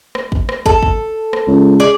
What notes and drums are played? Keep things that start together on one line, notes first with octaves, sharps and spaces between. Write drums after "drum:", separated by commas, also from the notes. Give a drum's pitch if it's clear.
drum: rim click
drum: kick
drum: rim click
A4, drum: kick
drum: kick
drum: rim click
C#2
G#4 D5